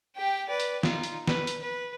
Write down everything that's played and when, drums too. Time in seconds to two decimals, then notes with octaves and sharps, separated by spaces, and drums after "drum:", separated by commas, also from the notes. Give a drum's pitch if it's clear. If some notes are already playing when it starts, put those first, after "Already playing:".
0.16 G4 G5
0.48 B4 D5
0.60 drum: hi-hat
0.83 D#4 F4, drum: snare
1.03 drum: hi-hat
1.28 B4, drum: snare
1.47 drum: hi-hat
1.62 B4